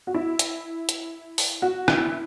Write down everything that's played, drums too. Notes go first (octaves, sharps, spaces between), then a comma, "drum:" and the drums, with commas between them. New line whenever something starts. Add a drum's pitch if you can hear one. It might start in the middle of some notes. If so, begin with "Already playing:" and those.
F#4
E4
drum: hi-hat
drum: hi-hat
drum: open hi-hat
F#4
E4, drum: rim click